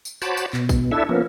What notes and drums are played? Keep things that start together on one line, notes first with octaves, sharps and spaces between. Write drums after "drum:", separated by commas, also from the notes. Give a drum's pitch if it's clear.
drum: tambourine
F#4 C5 C#5 A5 B5 D6, drum: tambourine
drum: tambourine
B2, drum: clap
drum: kick, tambourine
D4 E4 A4 E5
F3 A#3 B3 C#4